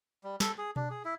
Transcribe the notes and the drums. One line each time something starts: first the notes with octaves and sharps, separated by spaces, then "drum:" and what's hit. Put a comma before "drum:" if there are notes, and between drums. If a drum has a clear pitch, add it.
G3
A4, drum: snare
G#4
D4, drum: tom B2
G#4
E4